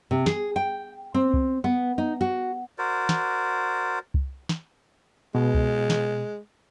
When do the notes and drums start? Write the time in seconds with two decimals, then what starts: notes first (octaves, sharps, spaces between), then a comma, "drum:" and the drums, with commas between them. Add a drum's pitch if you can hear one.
0.11 C3
0.26 G#4, drum: snare
0.56 G5
1.14 C4
1.34 drum: kick C2
1.64 B3
1.98 D#4
2.21 F#4
2.78 F#4 A#4 C5 D5
3.09 drum: snare
4.14 drum: kick C2
4.49 drum: snare
5.35 B2 G#3
5.55 drum: kick C2
5.90 drum: snare